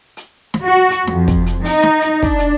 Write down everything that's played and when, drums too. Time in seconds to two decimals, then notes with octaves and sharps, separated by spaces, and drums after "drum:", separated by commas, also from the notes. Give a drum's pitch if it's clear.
0.17 drum: hi-hat
0.54 drum: snare
0.64 F#4
0.91 drum: hi-hat
1.07 F2, drum: snare
1.28 drum: kick, hi-hat
1.46 drum: hi-hat
1.65 D#4, drum: open hi-hat
1.83 drum: snare
2.02 drum: hi-hat
2.23 D4, drum: kick, hi-hat
2.39 drum: hi-hat